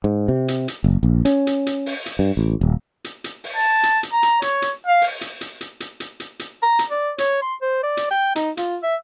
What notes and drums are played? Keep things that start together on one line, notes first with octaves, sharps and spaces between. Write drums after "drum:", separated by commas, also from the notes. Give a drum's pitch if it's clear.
G#2
C3
drum: hi-hat
drum: hi-hat
F#1
A#1
C#4, drum: hi-hat
drum: hi-hat
drum: hi-hat
drum: open hi-hat
drum: hi-hat
G2
A1
D#1
drum: hi-hat
drum: hi-hat
drum: open hi-hat
A5
drum: hi-hat
drum: hi-hat
A#5
drum: hi-hat
C#5, drum: hi-hat
drum: hi-hat
F5
drum: open hi-hat
drum: hi-hat
drum: hi-hat
drum: hi-hat
drum: hi-hat
drum: hi-hat
drum: hi-hat
drum: hi-hat
A#5
drum: hi-hat
D5
C#5, drum: hi-hat
C6
C5
D5
drum: hi-hat
G5
D#4, drum: hi-hat
F4, drum: hi-hat
E5